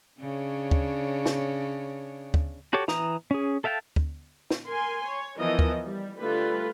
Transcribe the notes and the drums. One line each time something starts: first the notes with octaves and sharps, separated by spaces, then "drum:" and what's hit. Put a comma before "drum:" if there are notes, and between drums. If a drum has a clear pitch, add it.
C#3 D4 C#5
drum: kick D2
drum: snare
drum: kick D2
F#4 G4 A4 C#5 D6
E3 A#5 D#6, drum: snare
C#4 G#4
A4 E5 F5 G5 A5
drum: kick D2
drum: snare
A#4 G#5 C6
C#5
E3 F3 B3 A#4 D#5
drum: kick D2
G3
D3 G3 A3 F4 B4